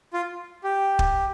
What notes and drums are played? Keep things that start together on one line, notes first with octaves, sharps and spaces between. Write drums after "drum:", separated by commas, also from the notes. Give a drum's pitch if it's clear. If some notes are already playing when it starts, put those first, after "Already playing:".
F4
G4
drum: kick